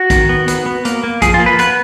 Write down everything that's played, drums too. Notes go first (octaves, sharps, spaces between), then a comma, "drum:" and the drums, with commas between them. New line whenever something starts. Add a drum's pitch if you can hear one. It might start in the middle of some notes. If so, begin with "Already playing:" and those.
Already playing: F#4
D#3, drum: kick, hi-hat
B3
B3, drum: hi-hat
B3
A#3, drum: hi-hat
A#3
F3 G#4, drum: kick, hi-hat
F4
A#3
B4
B3 B4, drum: hi-hat